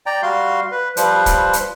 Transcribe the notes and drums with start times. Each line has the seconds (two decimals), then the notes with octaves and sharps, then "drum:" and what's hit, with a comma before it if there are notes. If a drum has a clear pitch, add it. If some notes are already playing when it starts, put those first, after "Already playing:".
0.06 D5 G5 A#5
0.22 G3 F#4 F5 C6
0.72 B4
0.97 F3 G3 B4 C5, drum: hi-hat
1.26 drum: kick, hi-hat
1.53 drum: hi-hat